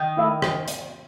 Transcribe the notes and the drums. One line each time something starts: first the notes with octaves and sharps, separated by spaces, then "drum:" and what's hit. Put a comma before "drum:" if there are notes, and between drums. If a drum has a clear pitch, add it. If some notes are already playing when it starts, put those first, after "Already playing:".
Already playing: D#3
A3 E4
drum: rim click
drum: hi-hat